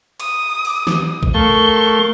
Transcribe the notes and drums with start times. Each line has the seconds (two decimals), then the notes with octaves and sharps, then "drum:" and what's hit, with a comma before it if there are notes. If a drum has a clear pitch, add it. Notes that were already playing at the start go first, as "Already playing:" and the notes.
0.20 D#6, drum: cymbal
0.65 drum: open hi-hat
0.87 drum: snare
1.23 drum: kick A1
1.34 A3 A#4 F5 C#6 G7